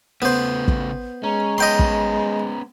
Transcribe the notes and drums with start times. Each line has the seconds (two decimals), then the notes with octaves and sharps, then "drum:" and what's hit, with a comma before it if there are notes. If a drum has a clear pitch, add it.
0.22 C#3 A3 B3 C5
0.68 drum: kick
1.23 G#3 C#4 A#5
1.58 B3 C#4 D#5 G5 C6
1.79 drum: kick